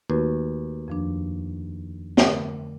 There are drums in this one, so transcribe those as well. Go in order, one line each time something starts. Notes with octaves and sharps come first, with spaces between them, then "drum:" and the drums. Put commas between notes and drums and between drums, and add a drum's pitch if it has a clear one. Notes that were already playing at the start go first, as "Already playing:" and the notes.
D#2 A3 F#4 B4
F2 F3 D4
D3 A3 A#4, drum: snare